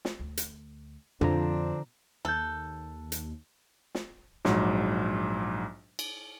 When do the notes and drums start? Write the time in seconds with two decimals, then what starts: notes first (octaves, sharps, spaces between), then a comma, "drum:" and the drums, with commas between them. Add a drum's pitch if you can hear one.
0.05 drum: snare
0.20 D2
0.37 drum: hi-hat
1.21 F2 D3 F3 C4 D4 A#5, drum: tom
2.25 D#2 A4 F#6 G6
3.12 drum: hi-hat
3.95 drum: snare
4.45 A#1 G#2 F#3, drum: snare
5.99 drum: cymbal